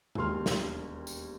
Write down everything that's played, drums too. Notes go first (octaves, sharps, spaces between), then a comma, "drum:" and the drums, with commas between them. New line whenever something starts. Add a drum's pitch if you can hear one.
E1 D#2 C6 F6, drum: tom
drum: snare
drum: tambourine